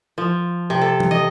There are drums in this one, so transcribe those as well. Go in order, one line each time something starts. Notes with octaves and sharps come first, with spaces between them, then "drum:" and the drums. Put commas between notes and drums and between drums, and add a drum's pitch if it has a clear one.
F3
C3
A4
drum: tom E3
D#5